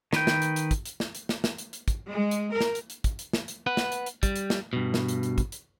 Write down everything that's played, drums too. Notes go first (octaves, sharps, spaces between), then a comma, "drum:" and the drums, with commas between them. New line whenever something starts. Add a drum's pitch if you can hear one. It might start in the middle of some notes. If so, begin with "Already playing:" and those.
D#3 B4 G5, drum: snare
drum: snare
drum: hi-hat
drum: hi-hat
drum: kick, hi-hat
drum: hi-hat
drum: snare
drum: hi-hat
drum: snare
drum: snare
drum: hi-hat
drum: hi-hat
drum: kick, hi-hat
G#3
drum: hi-hat
A#4
drum: snare
drum: hi-hat
drum: hi-hat
drum: kick, hi-hat
drum: hi-hat
drum: snare
drum: hi-hat
B4 F#5
drum: snare
drum: hi-hat
drum: hi-hat
G3, drum: kick, hi-hat
drum: hi-hat
drum: snare
G2 B2
drum: snare
drum: hi-hat
drum: hi-hat
drum: kick, hi-hat
drum: hi-hat